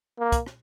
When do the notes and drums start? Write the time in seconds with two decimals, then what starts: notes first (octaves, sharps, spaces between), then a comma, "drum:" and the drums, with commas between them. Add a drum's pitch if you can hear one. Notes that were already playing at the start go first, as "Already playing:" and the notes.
0.19 A#3
0.32 drum: kick, hi-hat
0.46 drum: rim click